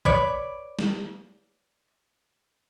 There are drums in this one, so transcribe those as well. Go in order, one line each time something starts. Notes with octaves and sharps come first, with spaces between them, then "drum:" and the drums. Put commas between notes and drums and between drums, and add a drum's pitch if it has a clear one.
B4 C#5 D5, drum: kick A#1
drum: snare